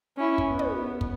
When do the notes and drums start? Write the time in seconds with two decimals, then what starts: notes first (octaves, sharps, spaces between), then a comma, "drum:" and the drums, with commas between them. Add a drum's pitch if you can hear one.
0.17 C#4 E4
0.38 drum: kick
0.48 B3
0.59 drum: tom
1.01 drum: kick